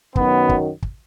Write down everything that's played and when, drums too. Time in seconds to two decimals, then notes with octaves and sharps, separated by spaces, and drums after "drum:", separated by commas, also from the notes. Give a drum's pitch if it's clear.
0.16 F#2 D#3 F#3 B3, drum: kick
0.49 drum: kick
0.82 drum: kick